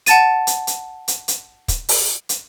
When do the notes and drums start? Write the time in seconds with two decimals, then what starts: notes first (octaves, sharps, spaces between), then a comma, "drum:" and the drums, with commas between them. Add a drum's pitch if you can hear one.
0.06 F#5 A5 A6 D#7, drum: hi-hat
0.47 drum: hi-hat
0.67 drum: hi-hat
1.08 drum: hi-hat
1.28 drum: hi-hat
1.68 drum: kick, hi-hat
1.89 drum: open hi-hat
2.29 drum: hi-hat